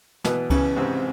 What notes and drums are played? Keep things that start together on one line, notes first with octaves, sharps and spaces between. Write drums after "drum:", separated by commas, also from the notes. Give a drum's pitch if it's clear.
B2 E3 B3, drum: snare
C#3 E3 C#4, drum: kick C#2, cymbal
G#2 C3 C4